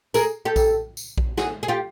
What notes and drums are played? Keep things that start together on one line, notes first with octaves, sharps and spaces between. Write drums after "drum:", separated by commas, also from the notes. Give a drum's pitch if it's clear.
G#4 A#4, drum: tambourine
G4 A4
drum: kick A#1, tambourine
drum: tambourine
drum: kick A#1
F#4 G#4, drum: snare
G#4
F4 G4